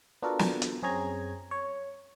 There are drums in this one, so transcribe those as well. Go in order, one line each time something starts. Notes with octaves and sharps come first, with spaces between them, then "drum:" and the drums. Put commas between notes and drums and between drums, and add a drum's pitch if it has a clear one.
B3 D4 F4 F#4 A4 A#4
drum: snare
drum: hi-hat
F#2 C4 G#4 C#5 A#5 G#6
C#5